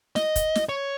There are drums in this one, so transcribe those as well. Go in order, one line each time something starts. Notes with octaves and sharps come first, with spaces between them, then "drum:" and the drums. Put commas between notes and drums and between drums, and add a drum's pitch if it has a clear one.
D#5, drum: snare
drum: kick, hi-hat
drum: snare
C#5